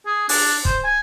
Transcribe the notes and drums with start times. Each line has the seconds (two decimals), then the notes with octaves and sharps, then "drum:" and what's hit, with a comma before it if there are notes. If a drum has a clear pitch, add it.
0.06 G#4
0.29 D4, drum: open hi-hat
0.65 C5, drum: kick
0.84 G#5